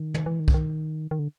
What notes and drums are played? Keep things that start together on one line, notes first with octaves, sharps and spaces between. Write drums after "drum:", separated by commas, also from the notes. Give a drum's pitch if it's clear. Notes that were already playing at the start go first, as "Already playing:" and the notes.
Already playing: D#3
drum: tom
E3
D#3
D3, drum: kick
D#3
D#3
D3